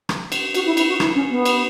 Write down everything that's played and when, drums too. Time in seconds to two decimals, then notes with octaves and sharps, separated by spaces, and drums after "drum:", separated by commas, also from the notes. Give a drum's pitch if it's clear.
0.09 drum: rim click
0.32 drum: cymbal
0.54 F#4, drum: cymbal
0.66 E4
0.77 E4, drum: cymbal
0.89 F#4
1.00 E4, drum: rim click
1.15 C#4
1.30 B3
1.45 drum: cymbal